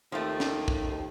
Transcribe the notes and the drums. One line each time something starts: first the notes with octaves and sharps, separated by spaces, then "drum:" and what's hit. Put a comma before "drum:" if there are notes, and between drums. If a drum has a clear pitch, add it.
D#2 F3 A3
drum: snare
drum: kick